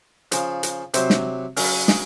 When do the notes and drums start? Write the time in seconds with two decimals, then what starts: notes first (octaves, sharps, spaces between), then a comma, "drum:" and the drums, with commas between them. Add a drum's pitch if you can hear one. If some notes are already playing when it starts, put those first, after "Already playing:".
0.32 C#3 F3, drum: hi-hat
0.63 drum: hi-hat
0.94 C3 F#3 C5, drum: hi-hat
1.10 drum: snare
1.57 C#3 F#3 A#4, drum: open hi-hat
1.88 G#4, drum: snare